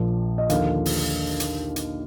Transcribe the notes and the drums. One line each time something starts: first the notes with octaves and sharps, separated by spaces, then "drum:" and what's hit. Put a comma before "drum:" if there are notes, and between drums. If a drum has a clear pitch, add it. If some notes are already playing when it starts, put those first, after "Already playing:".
Already playing: A#1 A#2 F3
D#5
D#2 D3 F3 F5, drum: hi-hat
drum: open hi-hat
drum: hi-hat
drum: hi-hat